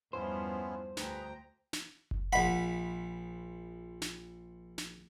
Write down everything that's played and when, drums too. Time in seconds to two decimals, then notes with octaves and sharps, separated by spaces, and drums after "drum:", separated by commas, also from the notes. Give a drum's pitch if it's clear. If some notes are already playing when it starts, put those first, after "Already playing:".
0.13 E2 G2 F3 B3 C#4 E4 C5
0.97 D2 G#4 B4 G5 A#5, drum: snare
1.73 drum: snare
2.11 drum: kick F#1
2.33 A#1 F#5 B5
4.02 drum: snare
4.78 drum: snare